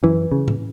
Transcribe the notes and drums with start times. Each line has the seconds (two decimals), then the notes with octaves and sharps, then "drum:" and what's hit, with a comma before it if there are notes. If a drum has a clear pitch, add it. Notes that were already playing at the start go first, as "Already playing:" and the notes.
0.03 F#2 E3
0.32 C#3
0.48 drum: tom A2